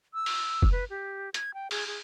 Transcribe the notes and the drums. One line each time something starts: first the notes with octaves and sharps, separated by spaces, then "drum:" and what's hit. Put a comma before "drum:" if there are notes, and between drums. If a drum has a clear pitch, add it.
E6
drum: open hi-hat
drum: kick F1
B4
G4
G#6, drum: hi-hat
G5
G#4, drum: open hi-hat
G#4